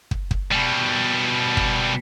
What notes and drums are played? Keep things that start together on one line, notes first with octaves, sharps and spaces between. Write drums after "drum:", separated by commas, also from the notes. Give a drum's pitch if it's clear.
drum: kick
drum: kick
B2 G3
drum: kick